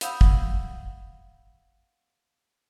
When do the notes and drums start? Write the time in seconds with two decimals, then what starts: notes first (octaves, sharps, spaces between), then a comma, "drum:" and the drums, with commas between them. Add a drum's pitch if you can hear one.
0.01 F5 F#5 B5 D#6 E6 G6, drum: hi-hat
0.21 drum: kick